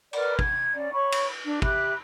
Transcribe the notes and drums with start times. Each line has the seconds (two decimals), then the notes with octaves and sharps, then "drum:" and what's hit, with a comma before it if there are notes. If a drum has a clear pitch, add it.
0.13 A#4 B4 D5, drum: cymbal
0.39 G#6, drum: kick
0.74 C#4 D5
0.93 C#5 B5 C#6
1.12 drum: cymbal
1.44 D4
1.62 G4 E5 B5 F#6, drum: kick